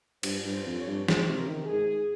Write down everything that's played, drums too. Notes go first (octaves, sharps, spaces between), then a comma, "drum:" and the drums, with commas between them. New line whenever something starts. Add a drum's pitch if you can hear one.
G2 C5, drum: cymbal
G2
C5
F2
C#5
G2
G#2 C5, drum: snare
C3
A#4
C#3
D#3
G#4
G#2